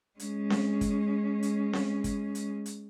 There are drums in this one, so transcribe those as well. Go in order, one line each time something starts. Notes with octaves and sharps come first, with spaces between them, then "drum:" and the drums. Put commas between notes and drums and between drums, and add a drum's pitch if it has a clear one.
G#3 C#4, drum: hi-hat
drum: snare C4
drum: kick, hi-hat
drum: hi-hat
drum: snare C4
drum: kick, hi-hat
drum: hi-hat
drum: hi-hat